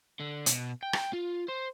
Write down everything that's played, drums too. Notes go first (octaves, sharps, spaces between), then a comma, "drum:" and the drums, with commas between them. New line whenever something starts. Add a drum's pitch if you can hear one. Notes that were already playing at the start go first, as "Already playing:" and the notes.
D3
B2, drum: hi-hat
G5
drum: rim click
F4
C5